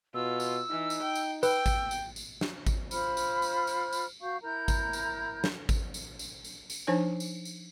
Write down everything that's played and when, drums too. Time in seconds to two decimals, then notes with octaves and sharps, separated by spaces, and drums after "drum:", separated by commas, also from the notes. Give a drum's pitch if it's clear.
0.15 B2 F4 E6
0.40 drum: tambourine
0.70 E3 D#4
0.90 drum: tambourine
1.02 G5
1.15 drum: tambourine
1.43 B4 G5 E6, drum: tambourine
1.66 drum: kick G#1, tambourine
1.91 drum: tambourine
2.16 drum: tambourine
2.41 drum: snare
2.67 drum: kick G#1, tambourine
2.91 F4 C5 B5 F6, drum: tambourine
3.17 drum: tambourine
3.42 drum: tambourine
3.67 drum: tambourine
3.93 drum: tambourine
4.22 F#4 F5 C#6 G6
4.42 E4 A#4 A#5 G6
4.68 drum: kick G#1, tambourine
4.93 drum: tambourine
5.44 drum: snare
5.69 drum: kick G#1, tambourine
5.94 drum: tambourine
6.19 drum: tambourine
6.45 drum: tambourine
6.70 drum: tambourine
6.87 F3 D4 D#4 C#5 G#5
7.20 drum: tambourine
7.45 drum: tambourine